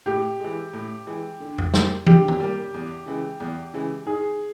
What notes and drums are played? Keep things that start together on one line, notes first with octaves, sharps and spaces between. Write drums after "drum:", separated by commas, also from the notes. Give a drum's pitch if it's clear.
A2 G4
E3 G#3
A2
E3 G#3
D3
drum: tom F2
G3 A#3, drum: snare
D3 G4, drum: tom
drum: tom
G3 A#3
E2
C#3 E3 G#3
E2
C#3 E3 G#3
D#3 G#4